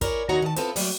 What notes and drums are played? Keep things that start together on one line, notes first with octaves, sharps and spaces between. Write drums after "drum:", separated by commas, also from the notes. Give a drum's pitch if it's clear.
E4 G#4 A#4 C#5 D5, drum: kick, hi-hat
D#2 D#4 F#4 C#5 A#5
D#3 A5
B3 C4 E4 F4 A4 B4, drum: hi-hat
F#3 G3 A3 A#3 G4 D5, drum: open hi-hat